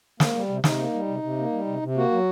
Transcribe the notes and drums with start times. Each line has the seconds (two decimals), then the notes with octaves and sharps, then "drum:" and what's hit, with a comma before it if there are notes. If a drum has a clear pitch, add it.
0.20 A#3, drum: snare
0.35 G3
0.49 C3
0.64 C3 D#4, drum: snare
0.78 A#3
0.93 G3
1.08 C3
1.23 C3
1.38 A#3
1.52 G3
1.67 C3
1.82 C3
1.97 A#3 F#4
2.12 F#3